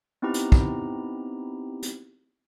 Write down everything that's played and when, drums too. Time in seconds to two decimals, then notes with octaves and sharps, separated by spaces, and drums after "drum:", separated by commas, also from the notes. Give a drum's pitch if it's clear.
0.22 B3 C4 D#4 E4 G4 A#5
0.34 drum: hi-hat
0.52 drum: kick
1.82 drum: hi-hat